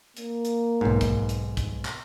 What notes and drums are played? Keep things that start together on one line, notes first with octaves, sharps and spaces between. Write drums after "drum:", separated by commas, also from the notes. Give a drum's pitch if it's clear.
A#3, drum: hi-hat
drum: hi-hat
B1 G#2
drum: kick, hi-hat
drum: hi-hat
drum: kick, hi-hat
drum: clap